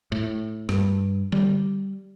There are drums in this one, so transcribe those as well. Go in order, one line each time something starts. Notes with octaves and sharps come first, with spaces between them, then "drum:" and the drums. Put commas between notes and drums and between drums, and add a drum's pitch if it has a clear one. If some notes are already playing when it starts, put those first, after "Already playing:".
A2
G2, drum: rim click
G3, drum: tom D3